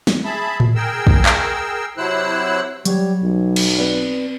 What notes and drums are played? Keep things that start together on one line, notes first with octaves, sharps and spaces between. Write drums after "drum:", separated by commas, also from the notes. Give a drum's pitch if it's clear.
drum: snare
G#4 E5 A5 B5
drum: tom A2
G#4 A#4 G5 E6
drum: kick
drum: clap
C3 F#3 E4 C5 E6 F#6
F#3 G3 C#5, drum: hi-hat
B1
drum: cymbal
C4 B4 D5